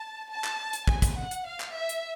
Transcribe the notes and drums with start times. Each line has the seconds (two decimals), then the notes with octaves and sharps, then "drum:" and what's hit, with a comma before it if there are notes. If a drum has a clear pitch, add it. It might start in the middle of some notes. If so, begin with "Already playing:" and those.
Already playing: A5
0.29 A5
0.44 drum: clap
0.73 drum: hi-hat
0.87 G#5, drum: kick
1.02 drum: kick, hi-hat
1.17 F#5
1.31 drum: hi-hat
1.46 F5
1.60 drum: clap
1.75 E5
1.89 drum: hi-hat